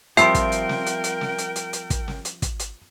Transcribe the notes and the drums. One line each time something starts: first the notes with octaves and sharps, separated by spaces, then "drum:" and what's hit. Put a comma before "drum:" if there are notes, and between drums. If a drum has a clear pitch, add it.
F3 G3 C4 A#4 E5 G5 C6 C7, drum: hi-hat
drum: kick, hi-hat
drum: hi-hat
drum: snare
drum: hi-hat
drum: hi-hat
drum: snare
drum: hi-hat
drum: hi-hat
drum: hi-hat
drum: kick, hi-hat
drum: snare
drum: hi-hat
drum: kick, hi-hat
drum: hi-hat